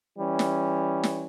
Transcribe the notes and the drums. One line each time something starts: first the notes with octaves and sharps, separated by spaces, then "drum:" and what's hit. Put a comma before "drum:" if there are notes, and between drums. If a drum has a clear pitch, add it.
E3 G3 C#4
drum: snare
drum: snare